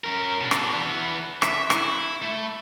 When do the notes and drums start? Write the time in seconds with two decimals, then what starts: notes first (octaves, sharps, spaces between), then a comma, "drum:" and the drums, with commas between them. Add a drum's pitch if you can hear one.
0.04 C#4 A#4
0.41 B2 D4
0.51 drum: rim click
0.73 E3 B3
1.42 E5, drum: rim click
1.70 E4, drum: rim click
2.22 A3